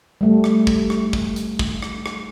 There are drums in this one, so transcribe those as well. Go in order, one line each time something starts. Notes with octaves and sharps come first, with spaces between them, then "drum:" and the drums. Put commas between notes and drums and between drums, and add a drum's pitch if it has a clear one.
G3 A3
drum: rim click
drum: kick
drum: rim click
drum: kick
drum: hi-hat
drum: kick
drum: rim click
drum: rim click